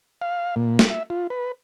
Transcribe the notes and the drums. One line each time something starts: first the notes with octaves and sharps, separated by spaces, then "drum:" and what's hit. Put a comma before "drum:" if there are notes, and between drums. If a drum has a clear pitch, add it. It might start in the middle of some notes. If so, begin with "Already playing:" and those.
F5
A#2
drum: snare
E5
F4
B4